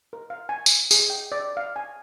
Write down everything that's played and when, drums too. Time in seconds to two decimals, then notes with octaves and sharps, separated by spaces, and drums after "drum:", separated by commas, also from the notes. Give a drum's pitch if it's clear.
0.13 A#4
0.30 F5
0.49 G#5
0.66 drum: tambourine
0.91 G#4, drum: tambourine
1.10 G5
1.32 D5
1.57 F5
1.76 G#5